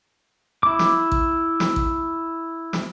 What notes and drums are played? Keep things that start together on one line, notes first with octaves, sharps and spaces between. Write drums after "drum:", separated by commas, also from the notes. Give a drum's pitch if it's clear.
E4 D6
drum: snare
drum: kick A1
drum: snare
drum: kick A1
drum: snare